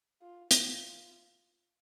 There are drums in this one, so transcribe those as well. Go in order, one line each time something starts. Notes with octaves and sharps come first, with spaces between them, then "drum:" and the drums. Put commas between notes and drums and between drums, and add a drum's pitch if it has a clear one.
F4
F4, drum: hi-hat